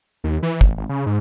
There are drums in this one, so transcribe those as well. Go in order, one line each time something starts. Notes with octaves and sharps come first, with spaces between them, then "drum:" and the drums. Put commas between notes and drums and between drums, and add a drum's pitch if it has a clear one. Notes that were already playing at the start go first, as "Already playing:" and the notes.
D#2
E3
A1, drum: kick
G#1
C#3
G#2